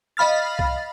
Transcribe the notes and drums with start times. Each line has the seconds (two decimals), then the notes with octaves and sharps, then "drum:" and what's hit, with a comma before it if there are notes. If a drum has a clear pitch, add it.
0.17 D#5 F5 B5 F6 A6
0.59 drum: kick C2